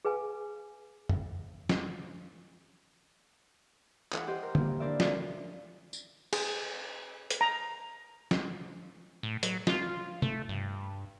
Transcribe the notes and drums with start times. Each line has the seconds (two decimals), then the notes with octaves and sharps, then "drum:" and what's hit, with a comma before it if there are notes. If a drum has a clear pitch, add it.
0.05 G#4 B4 F5 G#5
1.09 drum: tom F2
1.69 drum: snare
4.13 E3 E4 F#5, drum: clap
4.27 G4 C5 D#5
4.43 A#4
4.55 F3 A#3, drum: tom D3
4.80 D4 E4 A#4 C5 D5 E5
5.00 A4 F5 A5, drum: snare
5.93 drum: tambourine
6.33 G#4, drum: cymbal
7.31 drum: hi-hat
7.41 A#5
8.31 drum: snare
9.23 A2
9.43 F#3, drum: hi-hat
9.67 F4, drum: snare
10.22 A3, drum: tom
10.49 G2